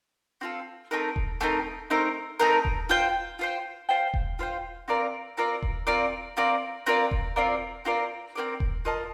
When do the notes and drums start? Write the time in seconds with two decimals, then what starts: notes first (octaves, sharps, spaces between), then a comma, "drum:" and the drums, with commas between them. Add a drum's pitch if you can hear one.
0.41 C4 F4 A4
0.91 A3 C4 D#4 A#4
1.16 drum: kick E1
1.41 A3 C4 D#4 A#4
1.90 A3 C4 D#4 A#4
2.40 A3 C4 D#4 A#4
2.65 drum: kick E1
2.89 F4 C5 G5
3.39 F4 C5 G5
3.89 F4 C5 G5
4.14 drum: kick E1
4.39 F4 C5 G5
4.88 C4 F4 A#4 D5
5.37 C4 F4 A#4 D5
5.62 drum: kick E1
5.87 C4 F4 A#4 D5
6.37 C4 F4 A#4 D5
6.86 C4 F4 A#4 D5
7.11 drum: kick E1
7.36 C4 F4 A#4 D5
7.85 C4 F4 A#4 D5
8.35 C4 F4 A#4 D5
8.60 drum: kick E1
8.85 F4 A#4 D#5 A5